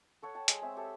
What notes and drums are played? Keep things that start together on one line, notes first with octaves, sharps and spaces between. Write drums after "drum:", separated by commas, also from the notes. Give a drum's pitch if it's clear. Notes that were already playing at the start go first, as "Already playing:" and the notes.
A4 C#5 F#5
G5 A5
G#3, drum: hi-hat
G#3 C4 E5
G4 A4 C#5 E5